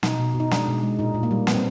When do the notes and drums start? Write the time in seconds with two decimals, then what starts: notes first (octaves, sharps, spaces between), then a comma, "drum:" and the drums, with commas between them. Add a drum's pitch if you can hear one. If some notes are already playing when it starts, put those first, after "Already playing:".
0.03 B2 D#4, drum: snare
0.19 B2
0.35 B2
0.40 D#4
0.51 G#3 D4, drum: snare
0.68 B2
0.83 G#3
0.99 A#2 D#4
1.14 A#2
1.23 A#3
1.31 G3
1.47 G3 B3, drum: snare
1.55 C4